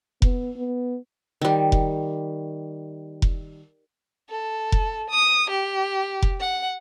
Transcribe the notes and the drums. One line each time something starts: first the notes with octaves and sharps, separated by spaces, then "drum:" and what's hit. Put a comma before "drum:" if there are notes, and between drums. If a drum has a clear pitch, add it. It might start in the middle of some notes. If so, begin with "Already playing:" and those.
B3, drum: kick F1
B3
D#3 G3
drum: kick F1
drum: kick F1
A4
drum: kick F1
D#6
G4
drum: kick F1
F#5